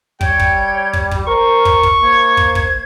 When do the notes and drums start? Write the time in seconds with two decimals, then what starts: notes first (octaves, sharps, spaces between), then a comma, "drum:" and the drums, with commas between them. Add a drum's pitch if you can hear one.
0.21 G3 C#5 G5 G#6, drum: kick
0.39 drum: kick
0.93 drum: kick
1.11 drum: kick
1.27 A#4 C5 C#6
1.65 drum: kick
1.83 drum: kick
2.01 A#3 C5 G#6
2.37 drum: kick
2.55 drum: kick